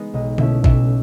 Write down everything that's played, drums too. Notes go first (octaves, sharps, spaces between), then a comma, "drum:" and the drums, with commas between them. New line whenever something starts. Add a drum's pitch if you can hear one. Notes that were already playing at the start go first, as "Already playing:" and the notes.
Already playing: G#3 B3 D#4
B1 D#5
B2 A3 C#4 E4 E5, drum: tom D3
B1 E5, drum: kick A1